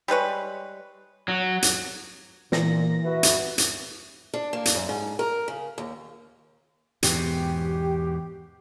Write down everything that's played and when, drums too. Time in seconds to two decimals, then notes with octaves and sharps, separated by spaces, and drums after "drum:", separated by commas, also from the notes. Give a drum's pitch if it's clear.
0.08 G3 G#3 B4 C#5
1.28 F#3
1.62 drum: hi-hat
2.52 A#2 E3 A#6, drum: snare
3.04 F#4 B4 E5
3.23 drum: hi-hat
3.58 drum: hi-hat
4.34 D4
4.53 A#3
4.66 drum: hi-hat
4.75 F#2
4.89 G#2
5.19 A#4
5.48 C#3
5.78 D#2
7.03 E2 G#2 B2 G4, drum: hi-hat